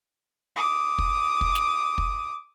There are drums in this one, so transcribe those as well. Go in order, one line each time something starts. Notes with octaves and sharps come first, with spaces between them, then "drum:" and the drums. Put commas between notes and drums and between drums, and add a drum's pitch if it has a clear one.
D6 D#6
drum: kick
drum: kick
drum: snare
drum: kick